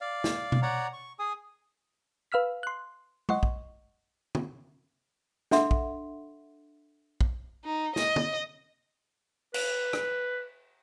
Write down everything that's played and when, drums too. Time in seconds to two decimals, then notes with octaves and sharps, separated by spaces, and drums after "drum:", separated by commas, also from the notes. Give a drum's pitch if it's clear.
0.01 D5 F5
0.24 drum: snare
0.52 drum: tom B2
0.62 C#5 D5 F#5 A#5
0.93 C#6
1.19 G#4 G#5 D#6
2.32 B4 F5 E6 F6 B6
2.63 C6 F#6
3.29 D#5 F#5 C6 C#6, drum: tom
3.43 drum: kick
4.35 drum: tom
5.51 D4 A4 E5 F#5 C6, drum: snare
5.71 drum: kick
7.21 drum: kick
7.65 D#4
7.96 D#5, drum: snare
8.16 drum: tom
9.54 B4, drum: cymbal
9.93 drum: rim click